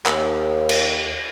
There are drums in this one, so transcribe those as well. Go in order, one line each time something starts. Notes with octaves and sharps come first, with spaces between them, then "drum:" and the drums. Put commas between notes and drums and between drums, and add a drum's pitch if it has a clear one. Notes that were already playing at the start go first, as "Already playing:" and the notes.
D#2, drum: clap
drum: cymbal